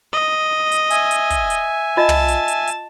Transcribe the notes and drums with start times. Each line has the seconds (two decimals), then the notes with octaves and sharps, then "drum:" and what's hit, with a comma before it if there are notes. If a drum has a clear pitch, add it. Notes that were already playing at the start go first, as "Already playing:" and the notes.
0.13 D#5
0.72 drum: hi-hat
0.90 E5 G#5, drum: hi-hat
1.11 drum: hi-hat
1.30 drum: kick, hi-hat
1.50 drum: hi-hat
1.97 F4 D#5 A5
2.09 drum: tom
2.28 drum: hi-hat
2.48 drum: hi-hat
2.67 drum: hi-hat